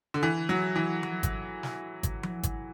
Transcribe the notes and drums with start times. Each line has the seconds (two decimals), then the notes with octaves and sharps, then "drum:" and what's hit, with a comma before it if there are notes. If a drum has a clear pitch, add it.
0.14 D3
0.23 E3
0.49 F#3
0.76 E3
1.03 drum: tom F3
1.23 drum: kick G#1, hi-hat
1.63 drum: snare
2.03 drum: kick G#1, hi-hat
2.23 drum: tom F3
2.43 drum: kick G#1, hi-hat